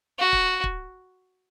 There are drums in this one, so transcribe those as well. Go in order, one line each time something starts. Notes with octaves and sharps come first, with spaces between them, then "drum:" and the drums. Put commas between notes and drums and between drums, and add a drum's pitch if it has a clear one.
F#4
drum: kick
drum: kick